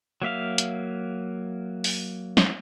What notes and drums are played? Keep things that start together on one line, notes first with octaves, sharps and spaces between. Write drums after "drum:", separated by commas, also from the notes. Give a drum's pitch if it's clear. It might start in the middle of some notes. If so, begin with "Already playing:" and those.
F#3 A#3 E5 F5
drum: hi-hat
drum: open hi-hat
drum: snare